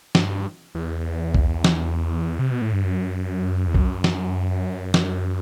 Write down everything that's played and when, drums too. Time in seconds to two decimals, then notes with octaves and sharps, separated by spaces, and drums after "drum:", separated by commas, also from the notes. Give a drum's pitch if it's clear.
0.15 G2, drum: snare
0.75 E2
1.34 drum: kick C2
1.64 drum: snare
2.39 C3
2.51 B2
2.62 A2
2.73 G2
2.84 F#2
3.67 E2
3.75 F#2, drum: kick C2
4.04 drum: snare
4.94 drum: snare